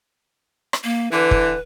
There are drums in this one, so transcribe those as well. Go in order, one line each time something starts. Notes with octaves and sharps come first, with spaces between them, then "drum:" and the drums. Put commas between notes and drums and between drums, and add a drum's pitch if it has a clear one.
drum: rim click
A#3
D3 E3 B4
drum: kick